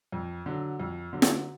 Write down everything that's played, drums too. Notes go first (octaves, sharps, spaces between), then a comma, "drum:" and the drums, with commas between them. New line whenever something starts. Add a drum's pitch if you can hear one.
F2
D3 F#3
F2
D3 F#3
drum: snare